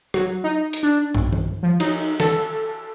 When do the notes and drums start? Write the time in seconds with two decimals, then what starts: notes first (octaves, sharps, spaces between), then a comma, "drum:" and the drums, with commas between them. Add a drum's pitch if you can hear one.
0.14 F#3, drum: rim click
0.44 D#4
0.73 drum: hi-hat
0.83 D4
1.15 B1, drum: tom
1.33 drum: tom D#3
1.63 F3
1.80 D#4, drum: cymbal
2.20 A4, drum: snare E3